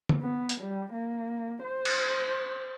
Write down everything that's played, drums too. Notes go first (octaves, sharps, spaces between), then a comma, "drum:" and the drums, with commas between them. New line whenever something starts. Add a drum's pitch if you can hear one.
drum: tom
B3
drum: hi-hat
G3
A#3
C5
drum: cymbal